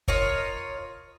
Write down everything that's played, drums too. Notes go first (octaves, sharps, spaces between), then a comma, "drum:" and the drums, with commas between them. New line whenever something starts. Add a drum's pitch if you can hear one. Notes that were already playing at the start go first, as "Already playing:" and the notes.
F4 A#4 C#5 D#5, drum: kick